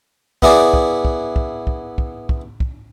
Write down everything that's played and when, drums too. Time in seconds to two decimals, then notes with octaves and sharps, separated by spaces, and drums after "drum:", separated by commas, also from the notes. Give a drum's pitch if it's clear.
0.42 B3 E4 G#4 D5, drum: kick
0.74 drum: kick
1.05 drum: kick
1.36 drum: kick
1.67 drum: kick
1.98 drum: kick
2.29 drum: kick
2.60 drum: kick